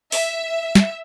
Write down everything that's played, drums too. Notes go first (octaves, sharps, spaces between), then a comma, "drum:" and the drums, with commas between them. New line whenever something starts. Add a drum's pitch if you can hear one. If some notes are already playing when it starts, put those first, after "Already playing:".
E5, drum: open hi-hat
drum: snare